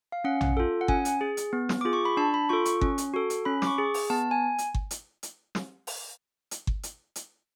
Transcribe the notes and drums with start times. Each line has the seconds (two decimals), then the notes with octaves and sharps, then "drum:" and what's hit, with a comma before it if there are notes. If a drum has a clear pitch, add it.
0.12 F5
0.24 C#4 F#5
0.41 drum: tom
0.57 F4 A4
0.81 F#5
0.88 C#4 G#5, drum: kick G1
1.05 drum: hi-hat
1.21 G#4
1.37 drum: hi-hat
1.53 B3
1.69 drum: snare
1.81 F4 G#4 D6
1.93 C#6
2.05 B5
2.17 D4 A5
2.34 B5
2.49 F4 A4 C#6
2.65 C#6, drum: hi-hat
2.81 C#4, drum: kick G1
2.98 drum: hi-hat
3.14 F#4 A4
3.30 drum: hi-hat
3.45 C#4 B5
3.62 D6, drum: snare
3.67 C#6
3.78 G#4
3.94 drum: open hi-hat
4.10 B3 A5
4.31 G#5
4.58 drum: hi-hat
4.74 drum: kick G1
4.91 drum: hi-hat
5.23 drum: hi-hat
5.55 drum: snare
5.87 drum: open hi-hat
6.51 drum: hi-hat
6.67 drum: kick G1
6.83 drum: hi-hat
7.16 drum: hi-hat